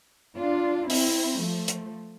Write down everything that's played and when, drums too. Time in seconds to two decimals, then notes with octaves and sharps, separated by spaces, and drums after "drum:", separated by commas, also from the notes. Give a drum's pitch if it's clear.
0.38 D4 F4
0.90 C4 E4, drum: open hi-hat
1.41 F3 A3
1.68 drum: hi-hat